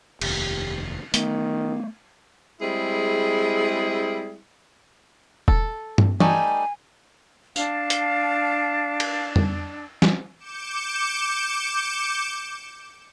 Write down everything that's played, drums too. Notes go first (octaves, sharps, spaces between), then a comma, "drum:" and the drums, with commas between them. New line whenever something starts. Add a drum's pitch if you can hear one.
F1 D#2 G4, drum: cymbal
D#3 A3 B3, drum: hi-hat
G3 G#3 C4 E4 G#4
A4, drum: kick E1
drum: tom
G3 A3 D#4 G#5, drum: tom E3
D4 F5 A5, drum: tambourine
drum: hi-hat
drum: cymbal
drum: tom F2
drum: snare
D6 G6 C#7 E7